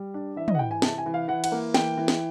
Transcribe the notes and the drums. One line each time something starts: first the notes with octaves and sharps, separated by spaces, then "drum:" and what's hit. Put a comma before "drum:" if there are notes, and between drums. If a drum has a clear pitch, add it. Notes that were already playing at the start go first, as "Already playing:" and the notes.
Already playing: G3
D4
E3 E5
D#5, drum: tom
F#5
E3 G5
G#5
C3 A5, drum: snare
G#5
E3
F5
E3 F#5
F#5, drum: cymbal
A#3
E3 G5, drum: snare
E3
drum: snare